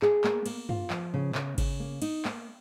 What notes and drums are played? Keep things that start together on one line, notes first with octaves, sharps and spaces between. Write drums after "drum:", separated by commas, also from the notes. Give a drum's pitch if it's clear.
G#4, drum: clap
A#3, drum: clap
A#3, drum: cymbal
F4, drum: tom
F3, drum: clap
C#3
C#3, drum: clap
C#3, drum: kick G#1, cymbal
A#3
D#4, drum: cymbal
A#3, drum: clap